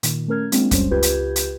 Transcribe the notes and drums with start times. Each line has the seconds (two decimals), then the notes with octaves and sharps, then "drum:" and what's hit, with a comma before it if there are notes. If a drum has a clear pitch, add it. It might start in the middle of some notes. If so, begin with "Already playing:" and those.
0.03 A#2 D#3, drum: hi-hat
0.28 A3 C#4 A#4 F6 G#6
0.52 G#3 A#3 C4 D4 F4, drum: hi-hat
0.71 F#2 G3 C#4 C5, drum: kick, hi-hat
0.91 C#2 F4 G4 B4 G6 G#6
1.03 drum: hi-hat
1.36 drum: hi-hat